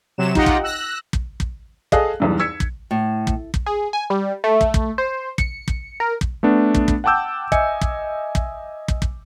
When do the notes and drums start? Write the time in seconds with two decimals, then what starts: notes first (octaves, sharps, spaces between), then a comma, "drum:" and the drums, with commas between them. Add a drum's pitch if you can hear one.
0.18 C3 F#3 E7
0.35 D#4 F4 G4 D#5 F#5 G5, drum: kick
0.46 drum: kick
0.63 E6 F#6 A#6
1.13 drum: kick
1.40 drum: kick
1.92 G#4 A4 D#5 F5 D#6 F#6, drum: kick
2.20 B1 E2 G2
2.39 E6 G#6 B6 C#7
2.60 drum: kick
2.91 A2
3.27 drum: kick
3.54 drum: kick
3.66 G#4
3.93 G#5
4.10 G3
4.44 A3
4.61 drum: kick
4.74 drum: kick
4.98 C5
5.38 C#7, drum: kick
5.68 drum: kick
6.00 A#4
6.21 drum: kick
6.43 A3 B3 D4
6.75 drum: kick
6.88 drum: kick
7.04 F#5 G5 A5 D6 E6 G6
7.52 D#5 E5 G#5 C#7, drum: kick
7.81 drum: kick
8.35 drum: kick
8.88 drum: kick
9.02 drum: kick